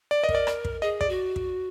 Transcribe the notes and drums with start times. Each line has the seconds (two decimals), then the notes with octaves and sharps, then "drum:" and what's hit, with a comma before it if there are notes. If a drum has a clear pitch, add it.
0.11 D5
0.22 B4 D#5
0.29 A#4, drum: kick
0.35 D5
0.47 drum: rim click
0.65 drum: kick
0.82 G#4 D#5
1.01 D5, drum: kick
1.09 F#4
1.36 drum: kick